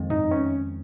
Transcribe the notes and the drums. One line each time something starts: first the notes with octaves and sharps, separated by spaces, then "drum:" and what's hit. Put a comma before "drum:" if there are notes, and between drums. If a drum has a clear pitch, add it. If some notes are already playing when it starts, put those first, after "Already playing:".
Already playing: F2 D#3 G#3 C4
D#4, drum: tom F#2
C#4